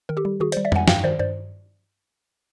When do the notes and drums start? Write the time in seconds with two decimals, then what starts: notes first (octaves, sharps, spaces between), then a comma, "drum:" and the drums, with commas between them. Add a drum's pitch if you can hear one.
0.09 D#3 A#4
0.17 G4 A4
0.25 G3
0.40 D#3 F#4 G#4
0.52 C5 D5, drum: hi-hat
0.57 G3
0.65 D5 E5
0.72 G3 F#5 G#5, drum: tom F2
0.88 G2 F5 G5, drum: snare
1.04 D#3 C5 D5
1.19 G2 C5 D5